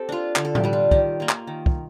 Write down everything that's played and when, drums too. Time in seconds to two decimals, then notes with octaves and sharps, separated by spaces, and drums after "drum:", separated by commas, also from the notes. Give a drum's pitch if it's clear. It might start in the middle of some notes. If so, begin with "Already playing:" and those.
Already playing: C4 G4 A4
0.09 D4 F4
0.36 D3, drum: clap
0.45 A4
0.55 G4, drum: tom A2
0.64 G3 D4
0.73 F4
0.91 D#3 G4, drum: kick
1.20 A#3 F4
1.29 drum: clap
1.47 D#3
1.66 drum: kick